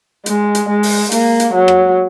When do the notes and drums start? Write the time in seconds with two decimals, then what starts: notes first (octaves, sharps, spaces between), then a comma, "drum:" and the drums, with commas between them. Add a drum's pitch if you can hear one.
0.26 G#3, drum: hi-hat
0.55 drum: hi-hat
0.69 G#3
0.83 drum: open hi-hat
1.12 A#3, drum: hi-hat
1.40 drum: hi-hat
1.54 F#3
1.68 drum: rim click